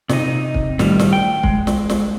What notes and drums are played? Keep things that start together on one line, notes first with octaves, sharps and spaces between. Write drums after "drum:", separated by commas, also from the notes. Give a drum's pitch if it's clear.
C3 D#4, drum: snare
drum: kick
A2 D#3 G3, drum: snare
drum: snare
G5
G#3, drum: kick
drum: snare
drum: snare